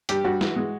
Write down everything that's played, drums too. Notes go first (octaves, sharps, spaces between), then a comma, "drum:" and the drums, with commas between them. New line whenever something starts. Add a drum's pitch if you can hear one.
G2 G4, drum: hi-hat
G2 F#4
E3, drum: snare
G#3